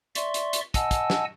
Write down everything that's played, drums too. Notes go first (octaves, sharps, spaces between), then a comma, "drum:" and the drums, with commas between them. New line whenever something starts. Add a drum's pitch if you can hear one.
D5 E5 C6 C#6, drum: hi-hat
drum: hi-hat
drum: hi-hat
D#5 F#5 G#5 A5 E6, drum: kick, hi-hat
drum: kick, hi-hat
drum: snare